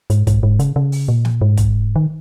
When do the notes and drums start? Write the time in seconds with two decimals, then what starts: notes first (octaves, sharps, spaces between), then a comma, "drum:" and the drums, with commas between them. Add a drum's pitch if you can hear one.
0.10 G#2, drum: hi-hat
0.27 G#2, drum: kick, hi-hat
0.43 G#2
0.59 C#3, drum: hi-hat
0.76 C#3
0.92 drum: open hi-hat
1.08 A#2
1.25 drum: snare
1.41 G#2
1.57 drum: kick, hi-hat
1.96 D#3